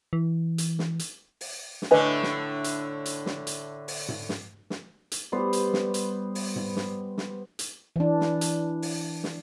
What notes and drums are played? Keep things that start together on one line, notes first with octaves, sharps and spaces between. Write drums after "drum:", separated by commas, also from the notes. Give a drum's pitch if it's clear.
E3
drum: hi-hat
drum: snare
drum: hi-hat
drum: open hi-hat
drum: snare
A2 D3 A3 B4 D#5 G#5
drum: snare
drum: hi-hat
drum: hi-hat
drum: snare
drum: hi-hat
drum: open hi-hat
drum: tom G#2
drum: snare
drum: snare
drum: hi-hat
G3 B3 C5
drum: hi-hat
drum: snare
drum: hi-hat
drum: open hi-hat
drum: tom G#2
drum: snare
drum: snare
drum: hi-hat
E3 D4
drum: snare
drum: hi-hat
drum: open hi-hat
drum: snare